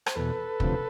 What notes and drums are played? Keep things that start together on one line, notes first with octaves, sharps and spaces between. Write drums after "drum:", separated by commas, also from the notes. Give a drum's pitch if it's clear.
C5, drum: rim click
E2 B2 A4 B4
D2 C3 F3, drum: kick